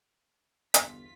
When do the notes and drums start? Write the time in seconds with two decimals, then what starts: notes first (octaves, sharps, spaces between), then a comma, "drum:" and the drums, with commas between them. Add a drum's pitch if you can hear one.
0.74 G1 E2 F4 B6, drum: hi-hat